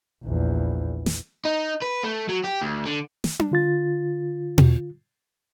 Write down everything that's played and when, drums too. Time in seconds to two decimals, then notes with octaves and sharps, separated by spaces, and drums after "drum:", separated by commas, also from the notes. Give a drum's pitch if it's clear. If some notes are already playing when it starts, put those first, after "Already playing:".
0.24 A#1 E2
1.06 drum: snare
1.45 D#4
1.82 B4
2.04 A3
2.29 F#3
2.45 G4
2.62 D2
2.86 D3
3.24 drum: snare
3.39 drum: tom D4
3.51 D3 F4 A6
4.58 drum: tom B2